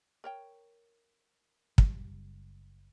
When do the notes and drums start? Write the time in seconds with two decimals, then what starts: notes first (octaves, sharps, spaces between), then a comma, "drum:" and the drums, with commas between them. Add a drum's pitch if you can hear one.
0.24 A#4 C#5 G5
1.78 F#1 G3, drum: kick